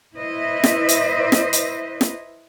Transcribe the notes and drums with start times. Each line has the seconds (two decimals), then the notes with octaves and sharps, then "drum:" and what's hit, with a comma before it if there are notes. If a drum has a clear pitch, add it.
0.16 E4 B4 C5 D#5 E5
0.64 drum: snare
0.89 drum: hi-hat
1.32 drum: snare
1.53 drum: hi-hat
2.01 drum: snare